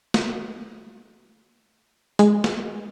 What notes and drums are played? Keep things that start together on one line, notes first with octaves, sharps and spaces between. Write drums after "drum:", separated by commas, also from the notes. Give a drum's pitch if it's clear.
drum: snare
G#3, drum: hi-hat
drum: snare